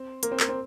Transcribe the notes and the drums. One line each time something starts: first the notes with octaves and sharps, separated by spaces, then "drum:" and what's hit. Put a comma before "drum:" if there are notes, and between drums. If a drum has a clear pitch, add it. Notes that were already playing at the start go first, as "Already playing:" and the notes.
Already playing: C4
A#3, drum: hi-hat
C4
A#3, drum: clap
C4